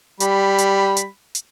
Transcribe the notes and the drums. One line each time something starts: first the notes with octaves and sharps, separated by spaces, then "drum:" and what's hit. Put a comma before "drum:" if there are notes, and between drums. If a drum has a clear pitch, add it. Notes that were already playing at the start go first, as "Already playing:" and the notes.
G3 B5, drum: hi-hat
drum: hi-hat
drum: hi-hat
drum: hi-hat